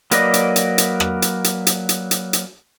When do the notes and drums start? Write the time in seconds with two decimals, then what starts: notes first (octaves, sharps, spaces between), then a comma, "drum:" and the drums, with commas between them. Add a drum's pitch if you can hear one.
0.11 F#3 A#3 B4 D5 D#5, drum: hi-hat
0.34 drum: hi-hat
0.56 drum: hi-hat
0.78 drum: hi-hat
1.00 drum: rim click
1.22 drum: hi-hat
1.44 drum: hi-hat
1.67 drum: hi-hat
1.89 drum: hi-hat
2.11 drum: hi-hat
2.33 drum: hi-hat